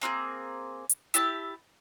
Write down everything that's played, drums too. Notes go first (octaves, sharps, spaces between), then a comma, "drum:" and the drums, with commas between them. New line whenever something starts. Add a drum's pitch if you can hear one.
A#3 C4 D#4 G#4
drum: hi-hat
E4 G4 A5 E6, drum: hi-hat